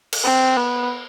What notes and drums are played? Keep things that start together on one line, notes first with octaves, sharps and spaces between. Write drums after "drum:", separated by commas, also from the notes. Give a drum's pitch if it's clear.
drum: cymbal
C4
B3